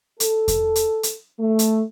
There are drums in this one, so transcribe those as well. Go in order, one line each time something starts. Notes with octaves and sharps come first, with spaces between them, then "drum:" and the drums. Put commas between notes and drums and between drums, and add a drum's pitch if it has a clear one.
A4, drum: hi-hat
drum: kick E2, hi-hat
drum: hi-hat
drum: hi-hat
A3
drum: hi-hat